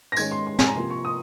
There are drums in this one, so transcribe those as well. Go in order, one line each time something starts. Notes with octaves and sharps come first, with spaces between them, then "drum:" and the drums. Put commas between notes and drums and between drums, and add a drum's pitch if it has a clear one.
A#6
G#2 D#3 G#3 C#4 G#6, drum: tambourine
C6
C6
G#5, drum: snare
A#5
C3 F3 A#3 C6
C#6
D#6